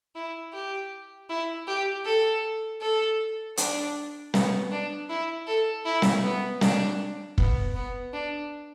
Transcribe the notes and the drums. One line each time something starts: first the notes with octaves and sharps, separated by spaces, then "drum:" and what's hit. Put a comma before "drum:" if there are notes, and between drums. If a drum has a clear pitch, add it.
E4
G4
E4
G4
A4
A4
D4, drum: hi-hat
B3, drum: snare
D4
E4
A4
E4
drum: snare
B3
D4, drum: snare
B3, drum: kick
B3
D4